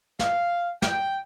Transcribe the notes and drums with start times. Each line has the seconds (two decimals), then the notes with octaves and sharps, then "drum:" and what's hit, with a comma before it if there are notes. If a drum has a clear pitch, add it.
0.19 F5, drum: snare
0.82 G5, drum: snare